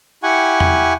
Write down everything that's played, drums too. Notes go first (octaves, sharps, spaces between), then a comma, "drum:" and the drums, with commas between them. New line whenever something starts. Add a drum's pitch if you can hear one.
E4 G4 F#5 G#5 C#6
drum: tom E2